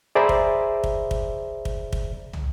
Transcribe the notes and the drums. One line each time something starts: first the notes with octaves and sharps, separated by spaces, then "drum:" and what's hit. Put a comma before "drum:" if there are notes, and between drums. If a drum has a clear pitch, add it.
G#4 C5 D5 E5 A#5 B5
drum: kick
drum: kick
drum: kick
drum: kick
drum: kick
drum: tom